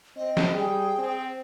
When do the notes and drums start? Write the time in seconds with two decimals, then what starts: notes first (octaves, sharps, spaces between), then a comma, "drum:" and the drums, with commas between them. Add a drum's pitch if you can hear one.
0.16 C4 D#5
0.37 drum: snare
0.53 G3 G#4 G5
0.98 C4